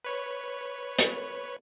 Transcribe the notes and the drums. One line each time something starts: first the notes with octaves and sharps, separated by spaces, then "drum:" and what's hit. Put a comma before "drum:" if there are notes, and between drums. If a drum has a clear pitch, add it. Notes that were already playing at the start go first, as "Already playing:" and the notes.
B4 C#5
drum: hi-hat